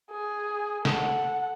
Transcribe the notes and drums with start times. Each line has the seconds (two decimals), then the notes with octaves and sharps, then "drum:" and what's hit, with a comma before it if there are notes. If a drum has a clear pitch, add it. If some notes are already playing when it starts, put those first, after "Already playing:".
0.11 G#4
0.85 A4 F#5, drum: snare